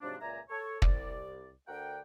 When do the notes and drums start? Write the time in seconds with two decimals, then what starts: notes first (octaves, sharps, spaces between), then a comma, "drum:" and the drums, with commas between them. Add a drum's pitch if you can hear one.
0.01 G#2 C3 F3 F#3 D4
0.21 C#2 A#2 D5 E5 G#5 A#5
0.49 A4 C#5
0.82 C2 D5, drum: kick
1.68 D2 D3 A#4 F#5 G5